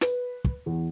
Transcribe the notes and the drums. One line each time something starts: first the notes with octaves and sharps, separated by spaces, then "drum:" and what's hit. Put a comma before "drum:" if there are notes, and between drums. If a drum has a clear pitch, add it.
B4, drum: snare
drum: kick
E2